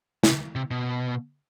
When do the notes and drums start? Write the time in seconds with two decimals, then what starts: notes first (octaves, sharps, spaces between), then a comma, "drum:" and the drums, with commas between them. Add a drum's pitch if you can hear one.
0.24 C#3, drum: snare
0.55 C3
0.71 B2